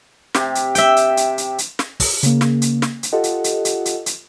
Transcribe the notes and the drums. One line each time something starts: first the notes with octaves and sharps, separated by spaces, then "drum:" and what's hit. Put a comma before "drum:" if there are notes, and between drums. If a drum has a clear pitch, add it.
C3 G4, drum: snare
drum: hi-hat
E5 G5, drum: hi-hat
drum: hi-hat
drum: hi-hat
drum: hi-hat
drum: hi-hat
drum: snare
drum: kick, open hi-hat
C#3 A#3, drum: hi-hat
drum: snare
drum: hi-hat
drum: snare
drum: hi-hat
F4 G4 A4 D#5 F#5
drum: hi-hat
drum: hi-hat
drum: hi-hat
drum: hi-hat
drum: hi-hat